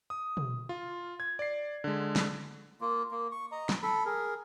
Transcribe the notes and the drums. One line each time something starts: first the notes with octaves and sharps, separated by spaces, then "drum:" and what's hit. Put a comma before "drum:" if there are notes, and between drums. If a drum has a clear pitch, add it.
D#6
drum: tom
F4
G#6
D5 C7
D3 G#3
drum: snare
A#3 F4
A#3
C#6
D#5 A#5
drum: snare
A4 B5
G#4 A#4